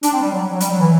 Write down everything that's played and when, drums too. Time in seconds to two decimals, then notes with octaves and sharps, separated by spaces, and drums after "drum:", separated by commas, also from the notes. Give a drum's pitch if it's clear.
0.03 D4, drum: hi-hat
0.12 C4
0.21 G3
0.32 F#3
0.52 F#3
0.60 G3, drum: hi-hat
0.70 F#3
0.80 E3